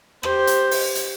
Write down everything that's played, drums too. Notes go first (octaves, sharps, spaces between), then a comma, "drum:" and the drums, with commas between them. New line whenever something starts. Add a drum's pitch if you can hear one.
G4 C5, drum: rim click
drum: hi-hat
drum: open hi-hat
drum: hi-hat